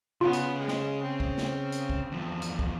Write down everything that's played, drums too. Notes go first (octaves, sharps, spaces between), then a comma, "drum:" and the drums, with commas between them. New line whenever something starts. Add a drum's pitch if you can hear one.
C#3 B3 C#4 F4
drum: hi-hat
G#3
drum: snare
C4
drum: kick
drum: snare
drum: hi-hat
drum: kick
E2 F3
drum: hi-hat
drum: kick